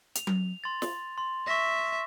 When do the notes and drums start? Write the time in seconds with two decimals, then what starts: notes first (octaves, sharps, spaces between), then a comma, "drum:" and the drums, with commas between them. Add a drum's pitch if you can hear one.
0.15 F7, drum: hi-hat
0.27 drum: tom F#3
0.64 C6 A6
0.82 drum: snare
1.18 C6
1.47 E5 C#6 A#6